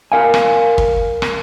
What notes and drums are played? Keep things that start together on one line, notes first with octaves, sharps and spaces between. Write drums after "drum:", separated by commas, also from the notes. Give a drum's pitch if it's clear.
A#4 F5 G#5
drum: rim click
drum: kick
drum: rim click